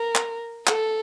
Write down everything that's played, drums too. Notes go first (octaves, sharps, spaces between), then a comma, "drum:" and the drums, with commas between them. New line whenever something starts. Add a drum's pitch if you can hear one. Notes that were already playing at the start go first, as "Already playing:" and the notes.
Already playing: A#4
drum: clap
A4, drum: clap